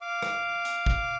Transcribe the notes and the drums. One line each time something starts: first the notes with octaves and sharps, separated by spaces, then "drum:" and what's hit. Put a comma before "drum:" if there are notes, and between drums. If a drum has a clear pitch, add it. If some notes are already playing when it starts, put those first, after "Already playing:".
F5 D6
drum: rim click
drum: hi-hat
drum: kick